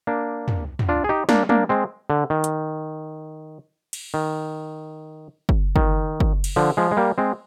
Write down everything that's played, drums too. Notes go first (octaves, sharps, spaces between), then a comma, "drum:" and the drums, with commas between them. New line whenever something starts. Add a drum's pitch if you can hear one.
A#3 D4
drum: tom
drum: tom
D4 F4
G#4
D#4 G4
A#3 D4, drum: snare
A#3 D4, drum: tom
G#3 C4
D3
D#3
drum: hi-hat
drum: cymbal
D#3
drum: kick
D#3, drum: kick
drum: kick
drum: cymbal
D3 F3
F3 G#3
G#3
G3 A#3
G#3 C4